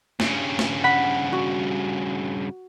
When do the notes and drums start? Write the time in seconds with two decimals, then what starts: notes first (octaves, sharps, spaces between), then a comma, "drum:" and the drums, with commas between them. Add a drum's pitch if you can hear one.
0.20 G2 C#3, drum: snare
0.59 drum: snare
0.84 F#5 B5 B6
1.33 F#4